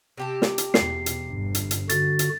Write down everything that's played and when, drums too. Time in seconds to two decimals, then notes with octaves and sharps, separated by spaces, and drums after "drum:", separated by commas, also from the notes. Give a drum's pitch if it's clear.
0.18 C3 G4 A5
0.42 drum: snare
0.58 drum: hi-hat
0.74 E2 B2 C7, drum: snare
1.06 drum: hi-hat
1.28 G1 G2
1.55 drum: hi-hat
1.71 drum: hi-hat
1.89 D3 F#4 A6, drum: hi-hat
2.19 drum: hi-hat